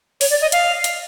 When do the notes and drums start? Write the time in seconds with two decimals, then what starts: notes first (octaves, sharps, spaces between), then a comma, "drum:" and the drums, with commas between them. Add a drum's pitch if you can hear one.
0.21 C#5, drum: open hi-hat
0.31 D5
0.42 D#5
0.52 F5, drum: hi-hat
0.84 drum: hi-hat